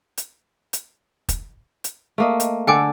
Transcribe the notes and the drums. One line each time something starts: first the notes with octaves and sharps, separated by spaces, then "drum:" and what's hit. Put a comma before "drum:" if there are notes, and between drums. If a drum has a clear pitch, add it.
drum: hi-hat
drum: hi-hat
drum: kick, hi-hat
drum: hi-hat
A3 A#3 D#5
drum: hi-hat
D3 A4 G5 G#5 D6